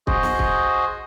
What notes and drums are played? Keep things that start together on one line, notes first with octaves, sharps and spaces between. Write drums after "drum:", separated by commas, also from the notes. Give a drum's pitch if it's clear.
F#4 G#4 C5 D#5, drum: kick
drum: snare
drum: kick